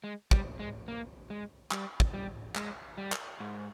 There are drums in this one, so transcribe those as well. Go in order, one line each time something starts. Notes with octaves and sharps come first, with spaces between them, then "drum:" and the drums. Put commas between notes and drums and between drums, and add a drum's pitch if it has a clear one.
G#3
G3, drum: kick
G#3
A#3
G#3
G3, drum: clap
drum: kick
G3
G#3, drum: clap
G3
drum: clap
G#2